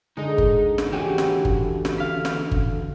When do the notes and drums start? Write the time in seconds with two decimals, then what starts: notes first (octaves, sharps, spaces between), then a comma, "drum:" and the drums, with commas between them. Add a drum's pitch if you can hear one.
0.17 D3 G#3 D#4 D#5
0.38 drum: kick G1
0.78 drum: snare
0.92 E3 F#4 G4 C#5 G#5
1.18 drum: snare
1.45 drum: kick G1
1.85 drum: snare
1.98 F5 B6
2.25 drum: snare
2.51 drum: kick G1